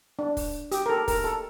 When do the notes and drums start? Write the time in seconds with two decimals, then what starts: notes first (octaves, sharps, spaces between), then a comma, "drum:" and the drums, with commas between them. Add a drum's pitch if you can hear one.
0.19 D4
0.37 drum: kick, open hi-hat
0.71 G4, drum: hi-hat
0.86 A#4
0.90 A4
1.08 A#4, drum: kick, open hi-hat
1.24 A4